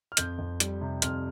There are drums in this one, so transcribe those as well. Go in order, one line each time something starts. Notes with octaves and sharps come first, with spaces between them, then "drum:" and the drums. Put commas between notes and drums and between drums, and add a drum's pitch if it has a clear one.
F6
F2 G6, drum: hi-hat
F2
G3, drum: hi-hat
C3
F2 F6, drum: hi-hat